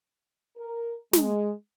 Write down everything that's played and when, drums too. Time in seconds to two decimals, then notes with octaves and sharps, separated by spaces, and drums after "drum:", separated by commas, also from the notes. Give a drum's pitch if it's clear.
0.57 A#4
1.13 G#3, drum: snare